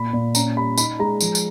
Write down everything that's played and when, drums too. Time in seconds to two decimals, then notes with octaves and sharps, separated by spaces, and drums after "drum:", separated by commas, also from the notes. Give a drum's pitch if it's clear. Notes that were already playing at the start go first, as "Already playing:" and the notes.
Already playing: A#2 B5
0.13 A#2
0.35 C#4 A#5, drum: tambourine
0.56 G3 B5
0.78 D#4 B5, drum: tambourine
0.99 G#3 A#5
1.21 F3, drum: tambourine
1.35 drum: tambourine